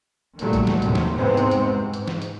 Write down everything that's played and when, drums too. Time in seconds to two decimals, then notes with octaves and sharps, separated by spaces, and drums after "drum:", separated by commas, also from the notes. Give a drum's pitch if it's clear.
0.39 A#2 D#3 F#3 G3 A3, drum: hi-hat
0.53 drum: kick A1, hi-hat
0.67 drum: snare
0.82 D#2 A2 C3, drum: hi-hat
0.95 drum: snare
1.15 E2 G#2 C3 G#3 B3 C4
1.37 drum: hi-hat
1.51 drum: hi-hat
1.72 G#2
1.93 drum: hi-hat
2.08 drum: snare
2.22 drum: hi-hat